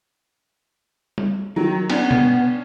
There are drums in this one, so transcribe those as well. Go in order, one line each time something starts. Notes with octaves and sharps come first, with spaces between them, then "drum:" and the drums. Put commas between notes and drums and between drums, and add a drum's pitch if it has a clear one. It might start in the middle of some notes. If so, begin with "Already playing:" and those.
drum: tom G3
D#3 F#3
B3 C#4 D4, drum: cymbal
drum: tom B2